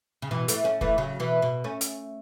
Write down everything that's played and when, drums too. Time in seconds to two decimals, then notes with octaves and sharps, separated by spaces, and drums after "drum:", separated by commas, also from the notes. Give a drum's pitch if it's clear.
0.22 C#3
0.31 B2 E3
0.48 E3 A3, drum: hi-hat
0.64 A3 C#4
0.81 E3 A3, drum: kick F1
0.98 C#3 F#3
1.20 B2 E3
1.42 B2
1.64 A3 C#4
1.81 drum: hi-hat